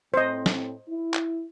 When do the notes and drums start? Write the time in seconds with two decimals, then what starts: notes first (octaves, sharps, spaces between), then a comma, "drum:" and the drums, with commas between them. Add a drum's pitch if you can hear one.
0.14 A2 C4 C5 D#5
0.46 drum: snare
0.89 E4
1.14 drum: clap